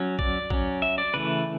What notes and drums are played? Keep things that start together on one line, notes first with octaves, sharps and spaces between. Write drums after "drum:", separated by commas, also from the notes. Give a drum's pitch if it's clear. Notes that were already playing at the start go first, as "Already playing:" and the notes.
Already playing: F#3 C#4
D5, drum: kick A1
F#3 C#4, drum: kick A1
E5
D5
C#3 E3 A3 B4